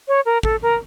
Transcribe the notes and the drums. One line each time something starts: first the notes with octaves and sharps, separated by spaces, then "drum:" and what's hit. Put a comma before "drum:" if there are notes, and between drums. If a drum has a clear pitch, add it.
C#5
A#4
A4, drum: kick
A#4